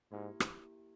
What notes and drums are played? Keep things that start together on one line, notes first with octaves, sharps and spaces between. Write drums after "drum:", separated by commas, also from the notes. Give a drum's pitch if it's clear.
G#2 A#3 E4 G4
drum: rim click